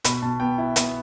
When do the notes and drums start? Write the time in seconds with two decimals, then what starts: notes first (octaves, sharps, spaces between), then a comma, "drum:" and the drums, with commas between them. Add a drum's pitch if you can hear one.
0.04 B2 B5, drum: hi-hat
0.22 B2 A5
0.40 B3 G5
0.58 E4
0.76 B3, drum: hi-hat